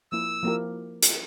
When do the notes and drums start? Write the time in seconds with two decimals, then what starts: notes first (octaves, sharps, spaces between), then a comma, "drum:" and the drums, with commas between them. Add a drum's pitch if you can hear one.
0.12 F3 A#3 E4 E6
0.43 F3 A#3 E4 G4 A#4
1.02 drum: hi-hat